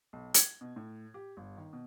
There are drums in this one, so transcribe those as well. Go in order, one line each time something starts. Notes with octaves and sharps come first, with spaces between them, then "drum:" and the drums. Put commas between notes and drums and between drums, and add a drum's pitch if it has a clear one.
B1
G#6, drum: hi-hat
B2
A2
G4
G1
D#3
B2